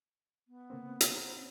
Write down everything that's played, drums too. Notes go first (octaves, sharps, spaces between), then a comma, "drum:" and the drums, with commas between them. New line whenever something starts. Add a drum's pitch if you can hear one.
B3
C#3 A#3 C4
drum: hi-hat
C5 A#5
C4 C#4